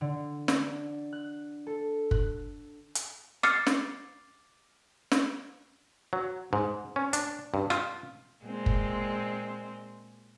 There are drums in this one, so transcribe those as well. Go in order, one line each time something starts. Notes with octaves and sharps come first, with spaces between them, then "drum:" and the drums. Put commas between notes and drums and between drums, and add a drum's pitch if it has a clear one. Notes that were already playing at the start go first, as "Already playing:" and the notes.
D3
D4, drum: snare
F#6
A4
F#6, drum: kick
drum: hi-hat
D6 F6 A6 C7 C#7, drum: rim click
drum: snare
drum: snare
F#3
G#2
C#4
D4, drum: hi-hat
G2
F4, drum: rim click
A#2 G#3 C4
drum: kick